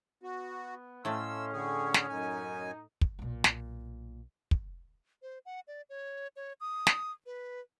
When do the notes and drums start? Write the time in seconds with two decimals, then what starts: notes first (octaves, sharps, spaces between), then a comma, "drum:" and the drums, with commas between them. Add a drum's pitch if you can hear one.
0.23 B3 F#4
1.05 A2 A3 C#4 D#5 F5 C6 E6
1.53 D3 G#4 C#5 G5 C#6
1.94 drum: snare
2.09 F#2 D#4 G#5
3.01 drum: kick
3.19 B1 A#2
3.44 drum: snare
4.51 drum: kick
5.22 C5
5.46 F#5
5.67 D5
5.90 C#5
6.36 C#5
6.61 D#6
6.87 drum: snare
7.26 B4